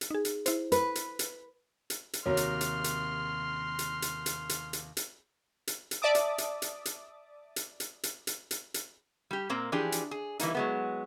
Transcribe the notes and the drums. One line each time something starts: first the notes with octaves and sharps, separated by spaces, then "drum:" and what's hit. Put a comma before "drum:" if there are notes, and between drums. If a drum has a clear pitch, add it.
drum: hi-hat
D#4 G#4
drum: hi-hat
E4 C5, drum: hi-hat
B4, drum: hi-hat
drum: hi-hat
drum: hi-hat
drum: hi-hat
drum: hi-hat
D#2 C3 F#4 A#4 C#5 C6 F6
drum: hi-hat
drum: hi-hat
drum: hi-hat
drum: hi-hat
drum: hi-hat
drum: hi-hat
drum: hi-hat
drum: hi-hat
drum: hi-hat
drum: hi-hat
drum: hi-hat
D5 E5 A5 D6 D#6
drum: hi-hat
drum: hi-hat
drum: hi-hat
drum: hi-hat
drum: hi-hat
drum: hi-hat
drum: hi-hat
drum: hi-hat
drum: hi-hat
drum: hi-hat
G3 G4
A#2 A#3 C4
E3 F3 D4 G4 G#4
drum: hi-hat
G#4
E3 G3 A#3 D#4, drum: hi-hat
F#3 G#3 B3